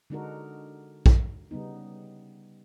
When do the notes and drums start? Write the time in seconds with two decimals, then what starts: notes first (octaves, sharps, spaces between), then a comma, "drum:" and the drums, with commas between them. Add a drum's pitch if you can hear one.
0.10 D3 G#3 D4 D#4 F#4 A#4
1.06 drum: kick A#1
1.51 C#3 G3 B3 D#4